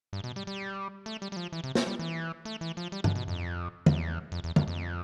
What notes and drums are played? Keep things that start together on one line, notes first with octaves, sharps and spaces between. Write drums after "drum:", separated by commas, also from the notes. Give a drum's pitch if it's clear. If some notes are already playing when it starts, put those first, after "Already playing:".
G2
B2
G3
G3
A3
G3
G3
F3
E3
C3
A3, drum: snare
G3
E3
A3
E3
F3
G3
D3, drum: tom G2
B2
F2
E2, drum: tom
F2
E2
F2, drum: tom
F2